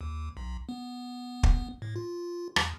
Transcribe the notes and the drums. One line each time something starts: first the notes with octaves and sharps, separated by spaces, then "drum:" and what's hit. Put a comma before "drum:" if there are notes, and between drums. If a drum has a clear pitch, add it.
D#2
B1
B3
drum: kick
A2
F4
E2, drum: rim click